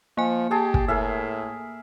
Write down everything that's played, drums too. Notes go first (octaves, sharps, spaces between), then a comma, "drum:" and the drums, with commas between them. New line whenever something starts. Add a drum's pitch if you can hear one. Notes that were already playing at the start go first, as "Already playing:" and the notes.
F3 A#3 G#5
G4 G#4 A5
drum: kick
A2 G#4 A#4 E5